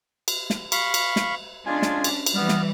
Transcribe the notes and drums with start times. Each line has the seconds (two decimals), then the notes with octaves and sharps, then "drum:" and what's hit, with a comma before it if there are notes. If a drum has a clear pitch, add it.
0.28 drum: cymbal
0.50 drum: snare
0.72 F5 B5 C#6, drum: cymbal
0.94 drum: cymbal
1.16 drum: snare
1.66 G#3 C#4 D4 F4 G#5
1.82 drum: snare
2.04 drum: cymbal
2.26 drum: cymbal
2.36 E3 G3 B3 F6
2.49 drum: snare